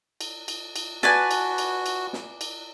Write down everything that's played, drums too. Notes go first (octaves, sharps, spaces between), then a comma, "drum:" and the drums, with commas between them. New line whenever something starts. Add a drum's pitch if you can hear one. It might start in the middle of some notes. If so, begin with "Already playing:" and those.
drum: cymbal
drum: cymbal
drum: cymbal
F#4 B4 D5 G#5 A5, drum: snare
drum: cymbal
drum: cymbal
drum: cymbal
drum: snare
drum: cymbal